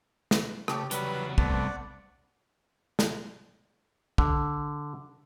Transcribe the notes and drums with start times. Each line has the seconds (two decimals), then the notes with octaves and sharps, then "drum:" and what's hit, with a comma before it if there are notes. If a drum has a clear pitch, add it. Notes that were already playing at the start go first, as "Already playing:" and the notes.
0.31 drum: snare
0.68 C#3 A3 G4, drum: rim click
0.91 E2 C#3 F#3 G3 B3 B4 B5, drum: hi-hat
1.38 G2 C3 A3 B3 D5 F#5, drum: kick
2.99 drum: snare
4.18 D3, drum: kick